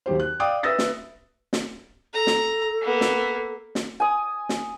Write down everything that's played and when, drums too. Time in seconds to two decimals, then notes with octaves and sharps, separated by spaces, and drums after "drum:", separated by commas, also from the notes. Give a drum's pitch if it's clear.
0.06 D#2 F#3 G4 C5
0.20 F#6
0.40 D5 F5 G5 D6 D#6
0.63 B4 E5 D#6 E6 A6 A#6
0.79 drum: snare
1.53 drum: snare
2.14 A4 A#5
2.27 drum: snare
2.81 A#3 B3
3.01 drum: snare
3.75 drum: snare
4.00 G#5 D#6
4.49 drum: snare